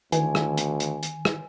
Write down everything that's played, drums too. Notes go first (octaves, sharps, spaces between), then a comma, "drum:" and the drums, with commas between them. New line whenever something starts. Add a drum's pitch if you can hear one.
D2 D#3 E3 G#5, drum: hi-hat
drum: rim click
drum: hi-hat
drum: hi-hat
drum: hi-hat
drum: rim click